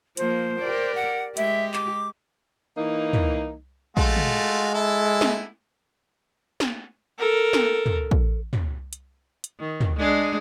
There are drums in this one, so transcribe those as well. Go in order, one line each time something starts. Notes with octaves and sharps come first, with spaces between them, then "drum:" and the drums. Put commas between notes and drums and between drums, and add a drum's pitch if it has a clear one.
F3 A#3 C5, drum: hi-hat
G4 A#4 D5
F#5
G#3 G4 E5, drum: hi-hat
D6, drum: clap
E3 A#3 D#4
drum: tom
G#3 A3 F4 F#4, drum: kick
drum: tom
E4 A4
drum: snare
drum: snare
A4 A#4
drum: snare
drum: tom
drum: kick
drum: tom
drum: hi-hat
drum: hi-hat
D#3
drum: tom
G#3 D4 G#4